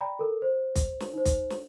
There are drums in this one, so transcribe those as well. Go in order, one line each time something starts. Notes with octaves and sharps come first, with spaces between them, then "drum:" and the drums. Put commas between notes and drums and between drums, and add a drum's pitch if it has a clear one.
D5 G5 A#5 B5
A4 A#4
C5
drum: kick, hi-hat
drum: snare
D#4 C5
drum: kick, hi-hat
drum: snare